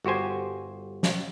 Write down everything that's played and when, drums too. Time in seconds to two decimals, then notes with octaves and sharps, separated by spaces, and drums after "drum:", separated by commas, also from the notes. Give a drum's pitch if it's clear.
0.04 G1 F#4 G4 C5 G#5
1.03 drum: snare